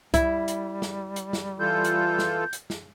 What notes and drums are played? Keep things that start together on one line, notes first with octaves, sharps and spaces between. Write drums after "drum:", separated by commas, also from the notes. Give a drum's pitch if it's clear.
G3 E4, drum: kick C2, hi-hat
drum: hi-hat
drum: snare
drum: hi-hat
drum: snare
E3 F4 A4 G6
drum: hi-hat
drum: snare
drum: hi-hat
drum: snare